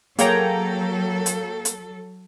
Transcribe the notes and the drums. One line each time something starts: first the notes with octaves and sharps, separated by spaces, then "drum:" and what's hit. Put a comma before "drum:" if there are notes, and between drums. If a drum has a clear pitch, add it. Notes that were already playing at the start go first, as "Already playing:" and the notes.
F#3 A#3 G#4 A4 C#5 F#5 G5 A#5, drum: hi-hat
drum: hi-hat
drum: hi-hat